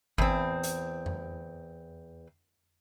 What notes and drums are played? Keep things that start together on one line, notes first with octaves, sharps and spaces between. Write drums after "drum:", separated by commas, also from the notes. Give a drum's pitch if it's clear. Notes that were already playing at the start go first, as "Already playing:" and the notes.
E2 C4, drum: kick G#1
drum: hi-hat
drum: tom F2